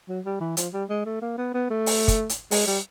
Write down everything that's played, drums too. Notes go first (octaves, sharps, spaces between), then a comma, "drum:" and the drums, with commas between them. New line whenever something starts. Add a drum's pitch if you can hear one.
F#3
G3
E3
F3, drum: hi-hat
G3
G#3
A3
A#3
B3
B3
A3
drum: open hi-hat
drum: kick, hi-hat
drum: hi-hat
G#3, drum: open hi-hat
G3